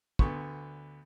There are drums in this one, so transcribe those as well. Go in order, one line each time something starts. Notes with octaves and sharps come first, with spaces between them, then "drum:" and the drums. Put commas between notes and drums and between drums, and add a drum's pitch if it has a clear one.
D2 D3 B3 C#6, drum: kick